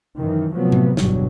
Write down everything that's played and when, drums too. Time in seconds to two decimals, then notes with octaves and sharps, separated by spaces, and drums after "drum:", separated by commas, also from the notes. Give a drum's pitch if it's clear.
0.19 F#2 D#3 E3
0.55 C3 F3 F#3 A3 B3
0.72 drum: tom A2
0.97 G1 E2 G2 B2 F#3, drum: snare